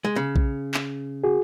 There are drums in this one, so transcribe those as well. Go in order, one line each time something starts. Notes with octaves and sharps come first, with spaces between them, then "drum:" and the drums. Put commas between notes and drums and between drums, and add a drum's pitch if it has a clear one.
G#3
C#3
drum: kick A#1
drum: clap
F#4 G#4